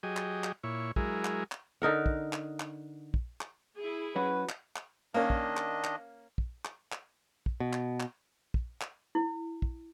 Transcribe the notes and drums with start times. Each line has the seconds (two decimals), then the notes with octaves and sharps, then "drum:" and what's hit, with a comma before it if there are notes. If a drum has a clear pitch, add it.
0.03 F#3 G4 G#4 D#5
0.17 drum: clap
0.44 drum: clap
0.64 A#2 E4 C#5
0.96 F#3 G#3 E4 G#4 A#4, drum: kick
1.25 drum: clap
1.52 drum: clap
1.82 D3 D#4 A#4 F#5
2.06 drum: kick
2.33 drum: clap
2.60 drum: clap
3.14 drum: kick
3.41 drum: clap
3.76 E4 G#4
4.16 F#3 C#4 F#4 B4
4.49 drum: clap
4.76 drum: clap
5.14 D#3 A#3 C#4 D4 D#5
5.30 drum: kick
5.57 drum: clap
5.84 drum: clap
6.38 drum: kick
6.65 drum: clap
6.92 drum: clap
7.46 drum: kick
7.60 B2
7.73 drum: clap
8.00 drum: clap
8.54 drum: kick
8.81 drum: clap
9.15 E4
9.62 drum: kick